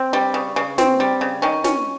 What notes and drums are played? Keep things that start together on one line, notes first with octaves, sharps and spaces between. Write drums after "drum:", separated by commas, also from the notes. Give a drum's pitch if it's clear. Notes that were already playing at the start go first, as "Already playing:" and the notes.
Already playing: C4
G3
C#3
C#3
C4, drum: snare
G3
C#3
D#3 C#4
C#4, drum: snare